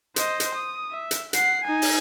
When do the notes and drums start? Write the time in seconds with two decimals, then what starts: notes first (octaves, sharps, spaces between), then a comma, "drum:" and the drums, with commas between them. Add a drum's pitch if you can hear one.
0.16 C5 D#5, drum: hi-hat
0.40 drum: hi-hat
0.55 D#6
0.91 E5
1.11 drum: hi-hat
1.33 F#5 C7, drum: hi-hat
1.64 D#4 G#5
1.82 drum: open hi-hat